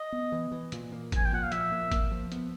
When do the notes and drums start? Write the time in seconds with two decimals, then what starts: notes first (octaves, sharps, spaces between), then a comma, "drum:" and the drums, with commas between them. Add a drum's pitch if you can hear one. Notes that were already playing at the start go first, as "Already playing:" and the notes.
Already playing: D#5
0.12 B3
0.32 E3
0.52 E3
0.72 A#2, drum: hi-hat
0.92 A#3
1.12 F3 G#5, drum: kick G#1, hi-hat
1.25 G5
1.32 A#2 F#5
1.43 F5
1.52 F3 E5, drum: hi-hat
1.72 A#3
1.92 A#3, drum: kick G#1, hi-hat
2.12 F3
2.32 B3, drum: hi-hat